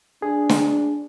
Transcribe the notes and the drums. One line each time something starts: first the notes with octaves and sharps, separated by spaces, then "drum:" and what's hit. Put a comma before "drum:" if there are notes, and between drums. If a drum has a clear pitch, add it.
D4 G#4
drum: snare